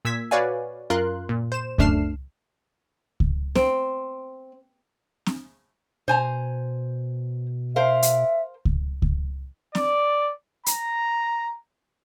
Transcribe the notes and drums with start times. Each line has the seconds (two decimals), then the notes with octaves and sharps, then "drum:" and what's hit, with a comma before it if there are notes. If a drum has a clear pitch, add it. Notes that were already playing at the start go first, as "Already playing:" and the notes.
0.05 A#2 E6 G#6 B6
0.31 F#4 B4 C#5 D5 F5 G#5
0.90 F#2 F4 A#4 C6 F#6
1.29 A#2
1.52 C5 E7
1.78 F#2 A3 D4 F6 C7 E7, drum: kick C#2
3.20 drum: kick C#2
3.55 C4, drum: snare C4
5.26 drum: snare C4
6.08 B2 C5 G#5 A#5
7.76 A#4 C5 E5 F5
8.02 drum: hi-hat
8.65 drum: kick C#2
9.02 drum: kick C#2
9.75 D5, drum: snare C4
10.66 A#5, drum: hi-hat